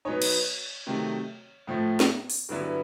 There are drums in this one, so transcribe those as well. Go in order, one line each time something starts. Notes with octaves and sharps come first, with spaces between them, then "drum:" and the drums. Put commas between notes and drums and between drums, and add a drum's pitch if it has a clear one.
B2 F#3 B3 D#4 C#5
drum: cymbal
C3 D#3 F#3 A3
A2 F3 A3
drum: snare
drum: open hi-hat
G2 D3 F#3 B3 E4